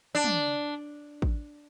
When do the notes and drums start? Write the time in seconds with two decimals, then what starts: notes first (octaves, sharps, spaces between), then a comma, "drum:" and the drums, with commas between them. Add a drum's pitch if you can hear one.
0.15 D4
0.24 drum: tom
1.22 drum: kick A1